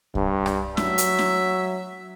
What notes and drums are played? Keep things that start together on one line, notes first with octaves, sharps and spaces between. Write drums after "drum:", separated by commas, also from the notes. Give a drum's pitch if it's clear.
G2, drum: kick C2
drum: rim click
F#3 E5, drum: snare
drum: hi-hat
drum: snare